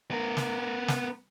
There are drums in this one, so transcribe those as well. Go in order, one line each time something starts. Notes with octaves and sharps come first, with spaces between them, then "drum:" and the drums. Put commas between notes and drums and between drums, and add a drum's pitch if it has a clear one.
B3 A#4
drum: snare
drum: snare